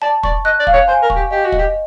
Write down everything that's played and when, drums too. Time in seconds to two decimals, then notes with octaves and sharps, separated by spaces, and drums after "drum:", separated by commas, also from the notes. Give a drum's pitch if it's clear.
0.02 D5 A5
0.23 D5 C#6, drum: kick
0.45 D#5 F#6
0.59 D5
0.67 F5, drum: kick
0.74 C#5
0.88 C5 G#5
1.02 A#4
1.10 C#6, drum: kick
1.16 G4
1.31 G4 D#5
1.45 F#4
1.52 D#5, drum: kick
1.59 G4